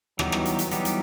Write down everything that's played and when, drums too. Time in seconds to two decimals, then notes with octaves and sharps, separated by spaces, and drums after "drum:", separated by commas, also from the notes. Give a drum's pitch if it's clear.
0.19 E3 F#3 G3 B3 D#4 G4, drum: rim click
0.32 drum: rim click
0.45 drum: hi-hat
0.59 drum: hi-hat
0.71 E3 F#3 G3 B3 D#4 G4, drum: hi-hat
0.85 drum: hi-hat